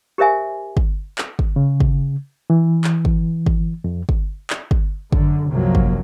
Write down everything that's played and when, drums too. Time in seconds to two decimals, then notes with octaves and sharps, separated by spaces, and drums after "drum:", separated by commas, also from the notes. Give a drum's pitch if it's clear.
0.18 G4 A#4 C5 E5 G#5
0.77 drum: kick
1.18 drum: clap
1.39 drum: kick
1.56 C#3
1.80 drum: kick
2.50 E3
2.84 drum: clap
3.05 drum: kick
3.46 drum: kick
3.84 F2
4.09 drum: kick
4.50 drum: clap
4.71 drum: kick
5.12 F#2 D3, drum: kick
5.49 C2 F#2 C3 F3 F#3 A#3
5.75 drum: kick